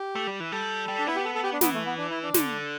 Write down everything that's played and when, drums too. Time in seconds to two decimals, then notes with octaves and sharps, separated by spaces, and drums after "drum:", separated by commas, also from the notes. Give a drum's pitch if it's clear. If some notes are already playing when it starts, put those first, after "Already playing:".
Already playing: G4
0.15 A3
0.27 G3
0.40 E3
0.52 G3 A4
0.88 G3
0.99 D4
1.07 B3 E4
1.16 G4
1.24 A4
1.35 A4
1.43 G4
1.53 D4
1.61 E3 B3, drum: snare
1.74 A3
1.86 B3
1.98 D4
2.10 E4
2.23 D4
2.34 D3, drum: snare